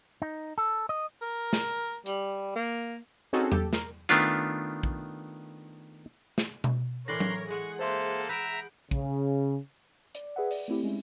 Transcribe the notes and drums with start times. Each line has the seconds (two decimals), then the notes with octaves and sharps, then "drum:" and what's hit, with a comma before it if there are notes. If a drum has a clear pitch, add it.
0.22 D#4
0.58 A4
0.89 D#5
1.22 A#4
1.53 drum: snare
2.06 G3, drum: hi-hat
2.55 A#3
3.33 C4 C#4 D#4 F#4 G#4 A4
3.52 G4 A4, drum: tom E2
3.73 A#4, drum: snare
4.09 D#3 A3 B3 D4 F4
4.83 drum: kick
6.38 drum: snare
6.64 drum: tom B2
7.08 A2 E3 A#4 C#5 D5 C6 F#6 A#6
7.20 drum: tom F#3
7.50 G#3 G#4 F#5 C#6
7.79 A#3 A4 C5 E5 C6
8.29 B4 E5 A#5 G6 D7
8.91 C#3, drum: kick
10.15 D5, drum: hi-hat
10.36 G#4 B4 E5 F#5
10.51 D5, drum: open hi-hat
10.68 A3 C4 E4 G4
10.83 G#3 C#4 E4